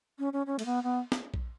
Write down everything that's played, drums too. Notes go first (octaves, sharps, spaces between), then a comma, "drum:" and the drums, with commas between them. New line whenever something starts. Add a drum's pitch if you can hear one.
C#4
C#4
C#4
A3, drum: cymbal
B3
B3
drum: snare
drum: kick A#1